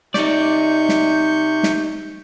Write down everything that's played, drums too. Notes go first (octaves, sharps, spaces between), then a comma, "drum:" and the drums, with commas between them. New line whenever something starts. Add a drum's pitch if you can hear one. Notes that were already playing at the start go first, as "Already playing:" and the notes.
C3 D#4 D5 C#6 G6, drum: snare
drum: snare
drum: snare